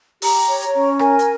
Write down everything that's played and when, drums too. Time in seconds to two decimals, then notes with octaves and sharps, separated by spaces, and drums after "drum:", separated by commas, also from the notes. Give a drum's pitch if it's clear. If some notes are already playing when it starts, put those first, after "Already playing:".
0.22 G4 A#5, drum: open hi-hat
0.48 C#5
0.61 drum: hi-hat
0.74 C#4
0.99 A#4 G#5, drum: rim click
1.19 drum: hi-hat